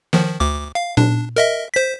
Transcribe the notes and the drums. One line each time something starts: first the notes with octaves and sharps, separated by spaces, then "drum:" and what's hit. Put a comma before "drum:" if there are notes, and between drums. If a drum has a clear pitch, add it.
D#3 F3, drum: snare
D2 D6
F5
D4, drum: tom A#2
A#4 D#5 E5
C5 B6